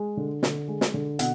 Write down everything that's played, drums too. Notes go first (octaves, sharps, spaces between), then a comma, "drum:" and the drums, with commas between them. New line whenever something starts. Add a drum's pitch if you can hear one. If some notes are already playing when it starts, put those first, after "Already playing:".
Already playing: G#3
D3
D3, drum: snare
G#3
drum: snare
D3
B2 F#5, drum: hi-hat